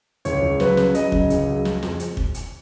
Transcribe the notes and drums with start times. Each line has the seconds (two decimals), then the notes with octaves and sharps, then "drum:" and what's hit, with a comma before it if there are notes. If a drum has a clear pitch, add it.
0.25 C#2 C#5, drum: hi-hat
0.42 C#2
0.60 F#3 B4, drum: snare
0.77 C#3, drum: snare
0.95 F#3 D#5, drum: hi-hat
1.12 C#3, drum: kick
1.30 C#2, drum: hi-hat
1.47 F#3
1.65 G#3, drum: snare
1.83 F2, drum: snare
2.00 drum: hi-hat
2.17 drum: kick
2.34 drum: hi-hat